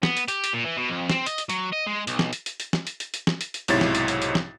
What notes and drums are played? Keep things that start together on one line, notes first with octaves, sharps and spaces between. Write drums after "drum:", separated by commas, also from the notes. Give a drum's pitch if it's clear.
B3, drum: snare
drum: hi-hat
G4, drum: hi-hat
drum: hi-hat
A#2
E3
B2
F2
C4, drum: snare
D#5, drum: hi-hat
drum: hi-hat
F#3, drum: hi-hat
D#5
G#3
B1, drum: hi-hat
drum: snare
drum: hi-hat
drum: hi-hat
drum: hi-hat
drum: snare
drum: hi-hat
drum: hi-hat
drum: hi-hat
drum: snare
drum: hi-hat
drum: hi-hat
B1 G#2 C3 E4 C#5 A6, drum: hi-hat
drum: snare
drum: hi-hat
drum: hi-hat
drum: hi-hat
drum: snare